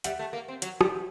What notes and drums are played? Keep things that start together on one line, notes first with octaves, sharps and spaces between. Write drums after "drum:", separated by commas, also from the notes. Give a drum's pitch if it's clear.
G3 E5 F#5, drum: hi-hat
A3
A#3
C4
F#3, drum: hi-hat
G3, drum: rim click